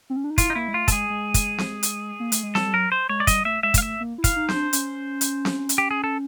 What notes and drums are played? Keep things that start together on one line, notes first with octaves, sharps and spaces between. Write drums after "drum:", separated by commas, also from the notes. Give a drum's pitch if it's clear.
C4
C#4
D4
D#4
E4 F4, drum: kick, hi-hat
D#4
A#3 E4
G#3
A3 F4
A3 A4, drum: kick, hi-hat
G#3 G#4
G#3
drum: kick, hi-hat
drum: snare C4
drum: hi-hat
A#3
A3, drum: hi-hat
G#3
G3 A4, drum: snare C4
G3
F#3 A#4
C5
G#3 C#5
D5
G3 D#5, drum: kick, hi-hat
A3 E5
G#3 E5
G#3, drum: kick, hi-hat
F5
A3 E5
A#3
E4
F5, drum: kick, hi-hat
D#4
C5, drum: snare C4
D4
C#4, drum: hi-hat
drum: hi-hat
drum: snare C4
drum: hi-hat
G4
G#4
A4